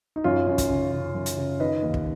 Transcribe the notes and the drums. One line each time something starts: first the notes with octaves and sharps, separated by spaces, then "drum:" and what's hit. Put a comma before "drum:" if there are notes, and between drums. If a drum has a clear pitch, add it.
D#4
F#2 C#4 F4
F#2
drum: kick, hi-hat
C#3
C#3
F#2
drum: hi-hat
C#3
D#3 B4 D#5
D#2
drum: kick